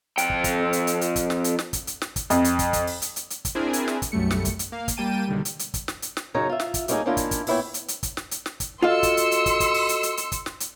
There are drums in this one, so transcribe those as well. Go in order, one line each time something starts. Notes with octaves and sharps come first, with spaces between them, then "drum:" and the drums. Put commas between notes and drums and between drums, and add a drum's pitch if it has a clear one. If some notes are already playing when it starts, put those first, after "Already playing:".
F2 G5, drum: hi-hat
drum: kick
drum: kick, hi-hat
drum: hi-hat
drum: hi-hat
drum: hi-hat
drum: kick, hi-hat
drum: snare
drum: hi-hat
drum: snare
drum: kick, hi-hat
drum: hi-hat
drum: snare
drum: kick, hi-hat
F2, drum: hi-hat
drum: hi-hat
drum: kick, hi-hat
drum: kick, hi-hat
drum: open hi-hat
drum: hi-hat
drum: hi-hat
drum: hi-hat
drum: kick, hi-hat
C4 D4 E4 G#4 A#4 G#5
drum: hi-hat
drum: snare
drum: kick, hi-hat
B1 F#2 G3 A3 C#7
drum: snare
drum: kick, hi-hat
drum: hi-hat
A#3 F5
drum: kick, hi-hat
G3 A#3 G5 A5 D#7
B1 D3 D#3 G3
drum: hi-hat
drum: hi-hat
drum: kick, hi-hat
drum: snare
drum: hi-hat
drum: snare
F#2 C#3 D#4 C#5 A#5
F4 E5
drum: snare
drum: kick, hi-hat
G3 A3 A#3 C#4 D#4 G#4, drum: hi-hat
D#3 A#3 C#4 D4 E4 F4
drum: kick, hi-hat
drum: kick, hi-hat
A#2 B3 E4 A4 C#5 G5, drum: open hi-hat
drum: hi-hat
drum: hi-hat
drum: kick, hi-hat
drum: snare
drum: hi-hat
drum: snare
drum: kick, hi-hat
F4 F#4 A4 D#5 F5 C6 E6 C#7
drum: kick, hi-hat
drum: hi-hat
drum: hi-hat
drum: kick, hi-hat
drum: kick, hi-hat
drum: open hi-hat
drum: hi-hat
drum: hi-hat
drum: hi-hat
drum: kick, hi-hat
drum: snare
drum: hi-hat